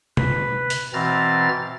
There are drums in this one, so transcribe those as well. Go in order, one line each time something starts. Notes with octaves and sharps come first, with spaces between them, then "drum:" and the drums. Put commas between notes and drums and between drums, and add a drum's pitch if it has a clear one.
B4, drum: tom B2
drum: hi-hat
B2 E3 C4 A#5 F6 A6